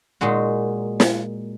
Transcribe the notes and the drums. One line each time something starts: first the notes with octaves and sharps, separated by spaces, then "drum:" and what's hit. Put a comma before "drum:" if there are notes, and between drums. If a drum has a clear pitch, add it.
A#2 G#3 D#4 F#4
drum: snare